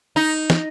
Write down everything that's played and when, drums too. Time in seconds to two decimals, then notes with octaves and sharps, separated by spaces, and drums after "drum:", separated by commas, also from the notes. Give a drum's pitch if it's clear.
0.16 D#4
0.50 drum: snare